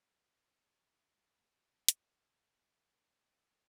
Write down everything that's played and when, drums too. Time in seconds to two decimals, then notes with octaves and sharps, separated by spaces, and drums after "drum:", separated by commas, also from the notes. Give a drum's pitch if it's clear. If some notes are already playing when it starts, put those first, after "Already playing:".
Already playing: B5 D#6
0.31 F#4 B4
0.62 B5
0.69 F#4 B4 A#5 C#6
1.09 F#4 B4
1.49 F#4 B4
1.88 E4 A#4 C#5, drum: hi-hat
2.27 E4 A#4 C#5 F#5 A#5
2.47 G#5 B5
2.67 F#4 A#4 C#5
3.06 F#4 A#4 C#5
3.46 F#4 A#4 C#5 E6 G#6